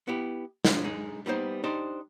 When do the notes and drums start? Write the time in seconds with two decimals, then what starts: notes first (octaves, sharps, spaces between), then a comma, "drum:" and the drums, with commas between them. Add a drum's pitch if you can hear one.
0.08 B3 E4 G4
0.65 C2 F3 F4, drum: snare
0.84 G#3 D#4 G#4
1.26 G3 A#3 B3 D#4 F#4 C5
1.64 D4 D#4 G4 C5